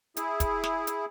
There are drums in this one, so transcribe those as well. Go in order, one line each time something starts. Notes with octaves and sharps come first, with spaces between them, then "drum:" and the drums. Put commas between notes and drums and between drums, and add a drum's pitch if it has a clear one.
E4 G#4, drum: hi-hat
drum: kick, hi-hat
drum: snare
drum: hi-hat